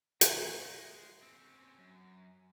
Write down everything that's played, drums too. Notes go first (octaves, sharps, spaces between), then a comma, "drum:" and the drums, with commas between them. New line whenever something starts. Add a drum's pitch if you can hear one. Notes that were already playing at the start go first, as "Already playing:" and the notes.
F2 A#2, drum: hi-hat
G#3
C4 C#4
F#2